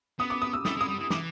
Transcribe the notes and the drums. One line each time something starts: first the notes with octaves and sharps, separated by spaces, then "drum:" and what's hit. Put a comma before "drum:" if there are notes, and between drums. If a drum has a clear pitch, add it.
B3 D#6
D6
D#6
E6
A3 D#6, drum: snare
G#3
D#6
G3
E3
E3 D6, drum: snare